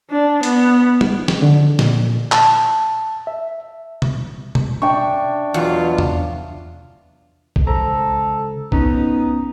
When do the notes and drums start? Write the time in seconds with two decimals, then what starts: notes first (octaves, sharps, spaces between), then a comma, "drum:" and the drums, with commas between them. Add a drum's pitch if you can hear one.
0.10 D4
0.43 B3, drum: hi-hat
1.01 drum: tom
1.28 drum: snare
1.42 D3
1.79 A#2, drum: snare
2.32 A5, drum: clap
3.27 E5
4.02 drum: tom B2
4.55 drum: tom B2
4.82 D4 E5 G5 C#6
5.54 E2 B2 F#3 F4
5.98 drum: tom E2
7.56 drum: kick B1
7.67 C#2 A4 C5 A#5
8.72 B3 C#4 D#4, drum: kick B1